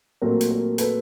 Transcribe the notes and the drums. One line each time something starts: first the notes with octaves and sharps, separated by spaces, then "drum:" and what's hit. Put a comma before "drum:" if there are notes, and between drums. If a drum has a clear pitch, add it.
A#2 F#3 A3 C4 A#4
drum: hi-hat
A#4
A4 B4, drum: hi-hat